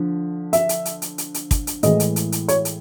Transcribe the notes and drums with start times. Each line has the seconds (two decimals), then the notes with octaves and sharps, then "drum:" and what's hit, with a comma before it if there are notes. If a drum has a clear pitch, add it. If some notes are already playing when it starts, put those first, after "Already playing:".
Already playing: D3 F3
0.53 E5, drum: hi-hat
0.69 drum: hi-hat
0.85 drum: hi-hat
1.02 drum: hi-hat
1.18 drum: hi-hat
1.34 drum: hi-hat
1.51 drum: kick, hi-hat
1.67 drum: hi-hat
1.83 A2 E3 G#3 D#5, drum: hi-hat
2.00 drum: hi-hat
2.16 drum: hi-hat
2.32 drum: hi-hat
2.48 C#5, drum: hi-hat
2.65 drum: hi-hat